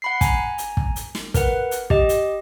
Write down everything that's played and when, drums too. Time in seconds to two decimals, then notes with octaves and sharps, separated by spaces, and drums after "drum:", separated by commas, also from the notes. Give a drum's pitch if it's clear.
0.02 F#5 B5 C7
0.21 G#5 A#5, drum: kick, hi-hat
0.58 drum: hi-hat
0.77 drum: kick
0.96 drum: hi-hat
1.15 drum: snare
1.34 A#4 B4 F#5, drum: kick, hi-hat
1.71 drum: hi-hat
1.90 G4 D#5, drum: kick
2.09 drum: hi-hat